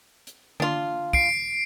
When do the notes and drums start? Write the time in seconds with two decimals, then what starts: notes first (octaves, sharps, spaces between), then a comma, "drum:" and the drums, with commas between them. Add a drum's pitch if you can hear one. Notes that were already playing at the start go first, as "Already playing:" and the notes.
0.27 drum: hi-hat
0.60 D4 F4, drum: tom D3
1.13 C7 D7, drum: kick